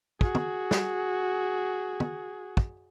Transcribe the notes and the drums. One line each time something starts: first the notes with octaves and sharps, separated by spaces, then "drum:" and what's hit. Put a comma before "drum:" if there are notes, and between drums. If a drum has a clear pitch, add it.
F#4 G#4, drum: kick
drum: tom
drum: snare
drum: tom
drum: kick